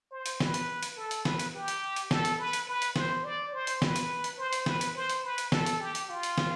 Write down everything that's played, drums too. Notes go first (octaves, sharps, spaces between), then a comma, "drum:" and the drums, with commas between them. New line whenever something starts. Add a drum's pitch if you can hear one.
C5
drum: hi-hat
B4, drum: snare
drum: hi-hat
drum: hi-hat
A4
drum: hi-hat
B4, drum: snare
drum: hi-hat
G4
drum: hi-hat
drum: hi-hat
A4, drum: snare
drum: hi-hat
B4
drum: hi-hat
B4
drum: hi-hat
C5, drum: snare
D5
C5
drum: hi-hat
B4, drum: snare
drum: hi-hat
drum: hi-hat
C5
drum: hi-hat
B4, drum: snare
drum: hi-hat
C5
drum: hi-hat
B4
drum: hi-hat
A4, drum: snare
drum: hi-hat
G4
drum: hi-hat
F4
drum: hi-hat
drum: snare